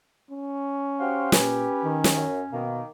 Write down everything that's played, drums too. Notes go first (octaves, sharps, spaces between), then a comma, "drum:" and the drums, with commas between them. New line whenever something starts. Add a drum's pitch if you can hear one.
C#4
F#4 G4 C5 F5
A#2 C#4 G4 B4, drum: snare
D#3
drum: snare
F#2
B2 D#3 A#3